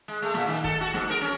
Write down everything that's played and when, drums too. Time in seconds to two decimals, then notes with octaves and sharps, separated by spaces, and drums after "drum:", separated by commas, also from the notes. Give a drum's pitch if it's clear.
0.08 G#3
0.22 A3
0.34 A#2, drum: snare
0.47 D#3
0.64 A4, drum: kick
0.81 F#4
0.94 G#2, drum: snare
1.10 A#4
1.21 C#4